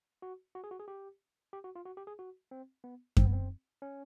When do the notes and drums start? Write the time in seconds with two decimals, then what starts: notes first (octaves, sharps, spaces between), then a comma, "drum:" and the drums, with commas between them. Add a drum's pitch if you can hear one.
0.22 F#4
0.55 F#4
0.64 G#4
0.71 F#4
0.80 G#4
0.88 G4
1.53 G4
1.64 F#4
1.76 F4
1.86 F#4
1.97 G4
2.07 G#4
2.19 F#4
2.51 C4
2.84 B3
3.17 C4, drum: kick F#2
3.25 B3
3.33 C4
3.82 C#4